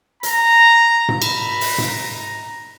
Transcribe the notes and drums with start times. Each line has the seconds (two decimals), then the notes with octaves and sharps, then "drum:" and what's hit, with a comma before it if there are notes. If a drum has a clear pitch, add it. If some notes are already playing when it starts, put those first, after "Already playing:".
0.23 A#5, drum: hi-hat
1.09 drum: tom G#2
1.22 B5, drum: cymbal
1.61 drum: open hi-hat
1.78 drum: tom G#2
1.88 A#5